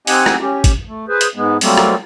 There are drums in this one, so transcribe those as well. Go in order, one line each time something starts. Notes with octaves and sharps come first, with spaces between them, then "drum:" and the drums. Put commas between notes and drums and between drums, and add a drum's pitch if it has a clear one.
C4 D#4 G4 D#5 F#5 G#5, drum: open hi-hat
drum: rim click
C#4 G4
drum: kick, hi-hat
A3
G#4 B4 C5
drum: hi-hat
G#2 G#3 B3
F#3 G3 A3 A#3 C4, drum: open hi-hat
drum: rim click